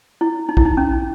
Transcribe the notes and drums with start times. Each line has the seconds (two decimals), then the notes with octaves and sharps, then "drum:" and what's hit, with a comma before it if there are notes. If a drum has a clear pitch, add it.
0.21 E4
0.49 D#4
0.57 E4, drum: kick
0.65 D#4
0.77 C#4